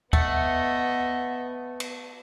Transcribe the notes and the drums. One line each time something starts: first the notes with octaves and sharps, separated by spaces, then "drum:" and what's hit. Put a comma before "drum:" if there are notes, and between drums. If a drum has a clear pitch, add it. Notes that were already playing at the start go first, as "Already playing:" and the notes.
A3 B3 D#5 E5 F#5, drum: kick D2
drum: cymbal